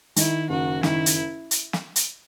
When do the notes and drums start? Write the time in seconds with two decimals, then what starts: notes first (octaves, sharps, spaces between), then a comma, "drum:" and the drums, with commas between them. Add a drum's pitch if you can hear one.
0.16 D#3 E4, drum: hi-hat
0.49 F#1 F#4
0.83 D#3 E4, drum: snare
1.06 drum: hi-hat
1.51 drum: hi-hat
1.73 drum: snare
1.96 drum: hi-hat